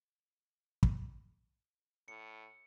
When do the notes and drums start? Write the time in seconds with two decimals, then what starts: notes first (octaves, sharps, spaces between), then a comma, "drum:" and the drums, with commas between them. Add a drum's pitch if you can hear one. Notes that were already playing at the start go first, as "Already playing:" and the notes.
0.83 drum: kick
2.08 A2 C#7